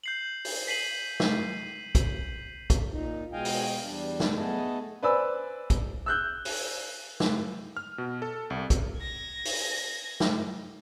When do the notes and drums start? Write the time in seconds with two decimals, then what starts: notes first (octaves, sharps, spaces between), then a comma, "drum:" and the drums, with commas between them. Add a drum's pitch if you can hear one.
0.04 G6 C7 F#7
0.45 drum: open hi-hat
0.68 B6 C7 D#7 F#7
1.20 drum: snare
1.95 drum: kick, hi-hat
2.70 drum: kick, hi-hat
2.92 A#2 D#4
3.33 B2 G#3 D#5 F5 G5 G#5
3.45 drum: open hi-hat
3.82 E2 G3 D4
4.20 drum: snare
4.37 A3 B3 G#4 D#5 A5
5.03 B4 C5 D5 G#5 B5 E6
5.70 drum: kick, hi-hat
6.06 E6 F#6 G6
6.45 drum: open hi-hat
7.20 drum: snare
7.77 F6
7.98 B2
8.22 A4
8.50 C2
8.70 drum: kick, hi-hat
9.00 G#6 A#6
9.45 drum: open hi-hat
10.20 drum: snare